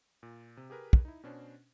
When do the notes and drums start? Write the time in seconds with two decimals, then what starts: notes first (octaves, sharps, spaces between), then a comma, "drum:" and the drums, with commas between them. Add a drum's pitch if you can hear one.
0.23 A#2
0.57 C3
0.70 G4 G#4 A#4 B4
0.93 drum: kick
1.05 D#4 E4
1.23 B2 C#4 D4 C5